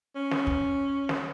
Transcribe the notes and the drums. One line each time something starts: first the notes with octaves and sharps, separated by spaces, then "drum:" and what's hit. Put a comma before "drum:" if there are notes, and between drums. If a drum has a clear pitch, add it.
C#4
drum: snare
drum: kick
drum: snare